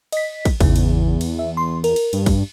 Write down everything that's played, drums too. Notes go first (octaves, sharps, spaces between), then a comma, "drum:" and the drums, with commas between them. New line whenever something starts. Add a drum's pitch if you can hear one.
D#5 B6, drum: cymbal
drum: kick, cymbal
G#1 E2 C#3, drum: kick, cymbal
drum: cymbal
drum: cymbal
E5
C6
A#4, drum: cymbal
drum: cymbal
G2, drum: cymbal
drum: kick, cymbal